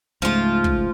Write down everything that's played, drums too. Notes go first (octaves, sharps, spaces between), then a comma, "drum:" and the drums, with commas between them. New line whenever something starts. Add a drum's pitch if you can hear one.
C#2 G#2 F3 A3 F4
drum: kick